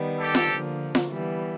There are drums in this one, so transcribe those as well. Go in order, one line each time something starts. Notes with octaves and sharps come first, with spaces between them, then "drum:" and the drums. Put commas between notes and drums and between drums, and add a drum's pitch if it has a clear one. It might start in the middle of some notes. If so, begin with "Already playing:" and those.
Already playing: D#3 G3 B3
G4 A4
drum: snare F4
D3 F3 A#3
drum: snare F4
E3 G3 B3